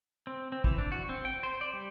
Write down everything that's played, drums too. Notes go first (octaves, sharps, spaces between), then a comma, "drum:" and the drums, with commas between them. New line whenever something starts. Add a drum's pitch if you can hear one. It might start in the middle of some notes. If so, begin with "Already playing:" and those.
C4
C4
E3, drum: kick
D4
F#4
C4
G5
C5
D5
G3